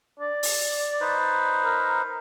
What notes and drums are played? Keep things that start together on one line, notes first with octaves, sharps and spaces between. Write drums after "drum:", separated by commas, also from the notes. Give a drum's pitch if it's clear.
D5
drum: open hi-hat
D#4 B4 C5
A#4